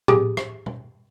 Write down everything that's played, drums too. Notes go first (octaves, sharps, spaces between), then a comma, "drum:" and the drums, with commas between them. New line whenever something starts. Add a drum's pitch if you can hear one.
G4 G#4, drum: tom A2
drum: rim click
drum: tom